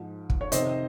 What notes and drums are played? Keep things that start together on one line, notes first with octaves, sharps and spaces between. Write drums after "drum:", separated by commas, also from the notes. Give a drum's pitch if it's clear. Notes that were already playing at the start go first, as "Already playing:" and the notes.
Already playing: G#2 F3
drum: kick
C#5
F2 C3 D#3 C5 D#5, drum: hi-hat